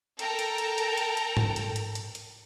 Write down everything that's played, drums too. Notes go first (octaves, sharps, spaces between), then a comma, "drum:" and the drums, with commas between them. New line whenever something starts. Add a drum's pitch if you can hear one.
A4 A#4 G5 A5 A#5, drum: hi-hat
drum: hi-hat
drum: hi-hat
drum: hi-hat
drum: hi-hat
drum: hi-hat
drum: tom G#2
drum: hi-hat
drum: hi-hat
drum: hi-hat
drum: hi-hat